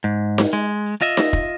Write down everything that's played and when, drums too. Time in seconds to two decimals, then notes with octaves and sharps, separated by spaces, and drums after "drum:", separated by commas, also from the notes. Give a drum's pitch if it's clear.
0.04 G#2
0.38 drum: snare D#4
0.53 G#3
1.01 F4 D#5 E5
1.17 drum: snare D#4
1.33 drum: kick